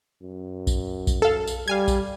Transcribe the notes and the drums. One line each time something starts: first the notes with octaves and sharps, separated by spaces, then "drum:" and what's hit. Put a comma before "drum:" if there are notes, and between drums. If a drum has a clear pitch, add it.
F#2
drum: kick A#1, tambourine
drum: kick A#1, tambourine
A4 F5
drum: tambourine
G3 F5 G#5 G#6
drum: kick A#1, tambourine